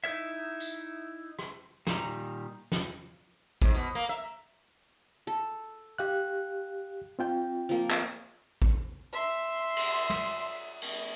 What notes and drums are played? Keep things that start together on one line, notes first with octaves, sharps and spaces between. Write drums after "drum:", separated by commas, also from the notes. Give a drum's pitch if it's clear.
D#4 E4 A#4 C#5 E5
drum: tambourine
drum: rim click
A#2 D#3 G3 A#5, drum: snare
drum: snare
G#2, drum: kick A1
B2
A#3
E5
A4
G4 F5 F#6
C4 F4 G5
F3 A#3
drum: clap
drum: kick A1
E5 C6
drum: cymbal
drum: tom
drum: cymbal